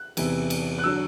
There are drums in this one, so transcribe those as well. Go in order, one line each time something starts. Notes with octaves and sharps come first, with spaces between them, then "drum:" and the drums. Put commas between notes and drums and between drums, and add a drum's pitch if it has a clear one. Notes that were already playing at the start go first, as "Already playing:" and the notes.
Already playing: F#6
E2 C3 E3, drum: cymbal
drum: cymbal
F#6
D3 F#3 E6